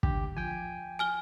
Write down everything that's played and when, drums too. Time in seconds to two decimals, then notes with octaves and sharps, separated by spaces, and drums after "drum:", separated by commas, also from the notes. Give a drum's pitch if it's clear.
0.03 D3 G4, drum: kick
0.37 F3 G5 G#5
0.99 G#5 F6 G7